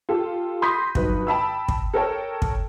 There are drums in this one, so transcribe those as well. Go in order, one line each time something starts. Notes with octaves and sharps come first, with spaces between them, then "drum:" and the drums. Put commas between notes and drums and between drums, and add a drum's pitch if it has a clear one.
F4 G4 A4
B5 C6 D#6 G6 A#6 B6
G2 D#3 F#3 B4, drum: kick
G5 A5 B5 E6
drum: kick
A4 A#4 C#5 G5 A5
drum: kick